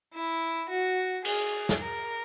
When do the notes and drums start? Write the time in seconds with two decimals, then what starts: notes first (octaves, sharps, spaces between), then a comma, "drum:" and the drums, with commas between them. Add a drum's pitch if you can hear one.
0.14 E4
0.70 F#4
1.25 G#4, drum: cymbal
1.69 drum: snare
1.82 A#4